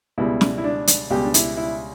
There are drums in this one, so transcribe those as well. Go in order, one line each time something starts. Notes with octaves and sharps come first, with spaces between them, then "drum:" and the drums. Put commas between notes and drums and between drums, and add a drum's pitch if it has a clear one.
C#2 B2 G3 E4
drum: snare
E4
D4
drum: hi-hat
C#2 B2 G3 G4
D4
E4, drum: hi-hat
E4